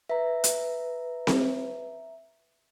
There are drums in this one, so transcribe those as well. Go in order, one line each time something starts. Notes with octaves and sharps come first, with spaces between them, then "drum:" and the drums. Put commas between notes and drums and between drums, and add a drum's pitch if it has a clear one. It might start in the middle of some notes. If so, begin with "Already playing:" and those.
B4 E5 A#5
drum: hi-hat
drum: snare C4